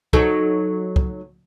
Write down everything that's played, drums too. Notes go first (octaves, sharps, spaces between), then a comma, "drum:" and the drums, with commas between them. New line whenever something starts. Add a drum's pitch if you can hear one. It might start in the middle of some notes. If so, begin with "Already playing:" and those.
F#3 D#4 A4, drum: kick
drum: kick